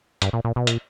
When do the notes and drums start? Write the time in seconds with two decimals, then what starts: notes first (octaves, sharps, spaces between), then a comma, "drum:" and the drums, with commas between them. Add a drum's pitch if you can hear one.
0.22 G2, drum: hi-hat
0.33 A#2
0.45 A#2
0.56 B2
0.67 A#2, drum: hi-hat